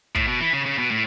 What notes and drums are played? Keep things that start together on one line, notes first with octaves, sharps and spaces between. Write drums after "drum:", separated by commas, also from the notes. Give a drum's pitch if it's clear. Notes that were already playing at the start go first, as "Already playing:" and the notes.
A2, drum: kick
B2
E3
C#3
C#3
B2
A2